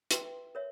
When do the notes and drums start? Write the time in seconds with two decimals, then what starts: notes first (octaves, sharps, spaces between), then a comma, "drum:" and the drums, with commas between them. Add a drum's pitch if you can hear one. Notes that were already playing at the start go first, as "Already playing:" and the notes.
0.11 B4 E5 G5 C6, drum: hi-hat
0.55 A#4 C#5 E5